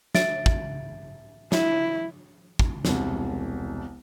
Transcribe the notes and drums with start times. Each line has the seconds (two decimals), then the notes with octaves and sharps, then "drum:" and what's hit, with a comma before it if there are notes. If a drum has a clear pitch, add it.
0.15 E5 A6 D7, drum: snare
0.46 drum: kick
1.52 E4, drum: snare
2.59 drum: kick
2.85 E1 C2, drum: snare